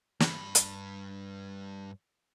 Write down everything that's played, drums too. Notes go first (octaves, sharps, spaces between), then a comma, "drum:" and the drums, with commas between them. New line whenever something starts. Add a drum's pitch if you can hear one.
G2 B5, drum: snare
drum: hi-hat